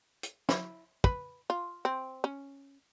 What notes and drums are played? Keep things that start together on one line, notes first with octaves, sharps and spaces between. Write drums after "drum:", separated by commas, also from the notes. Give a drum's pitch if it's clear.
drum: hi-hat
E4, drum: snare
B4, drum: kick
F4
C4
C#4